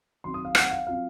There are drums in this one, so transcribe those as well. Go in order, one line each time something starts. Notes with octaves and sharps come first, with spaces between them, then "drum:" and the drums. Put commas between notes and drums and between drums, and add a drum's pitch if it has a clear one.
D#3 F#3 C4 C6
D#6
F5
F#5, drum: rim click
F5
F#3 C4 F4 F5